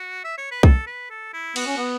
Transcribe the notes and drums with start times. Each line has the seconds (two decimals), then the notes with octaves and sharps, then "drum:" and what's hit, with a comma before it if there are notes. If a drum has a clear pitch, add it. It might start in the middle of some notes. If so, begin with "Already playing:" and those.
Already playing: F#4
0.24 E5
0.38 C#5
0.51 B4
0.63 A4, drum: kick B1
0.87 B4
1.10 A4
1.33 E4
1.56 B3 F#4, drum: cymbal
1.66 C#4
1.77 B3